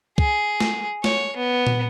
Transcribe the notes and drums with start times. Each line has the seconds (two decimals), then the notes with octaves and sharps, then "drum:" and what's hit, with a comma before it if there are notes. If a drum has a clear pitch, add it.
0.18 G#4, drum: kick
0.60 drum: snare
1.04 C#5, drum: snare
1.37 B3
1.67 drum: tom A#2